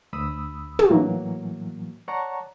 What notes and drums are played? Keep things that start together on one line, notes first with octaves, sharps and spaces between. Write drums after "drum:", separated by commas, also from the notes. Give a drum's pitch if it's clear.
D2 B5 D#6 E6
drum: tom
A2 E3 F#3 A#3
C#5 D5 F#5 A5 A#5 C#6